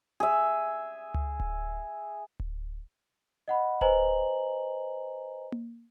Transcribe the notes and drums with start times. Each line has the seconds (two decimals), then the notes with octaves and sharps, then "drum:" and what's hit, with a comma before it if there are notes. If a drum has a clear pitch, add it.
0.20 G#4 E5
1.14 drum: tom C#2
1.40 drum: kick D1
2.40 drum: kick D1
3.48 D#5 F#5 B5
3.81 B4 C5 D#5 G#5 A#5 F#7, drum: kick D1
5.52 drum: tom A#3